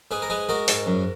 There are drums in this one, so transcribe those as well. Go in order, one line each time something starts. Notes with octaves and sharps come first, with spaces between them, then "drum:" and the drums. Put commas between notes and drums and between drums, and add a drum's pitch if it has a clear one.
G#2 G#4 B4
A#4
G#3 G#4 B4
G#3 F#4 A#4
G#2, drum: open hi-hat
F#2